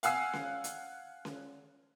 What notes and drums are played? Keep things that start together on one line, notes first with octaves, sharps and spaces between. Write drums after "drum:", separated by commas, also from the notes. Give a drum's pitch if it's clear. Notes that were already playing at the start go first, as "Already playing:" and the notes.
F5 F#5 G#5 E6 C7, drum: hi-hat
drum: snare C#4
drum: hi-hat
drum: snare C#4